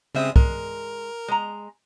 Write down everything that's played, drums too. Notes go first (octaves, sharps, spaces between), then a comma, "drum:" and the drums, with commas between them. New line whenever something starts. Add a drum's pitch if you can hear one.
C#3 G3 G#3 C4 E5 D#6
G#3 A#4, drum: kick
G#3 A#5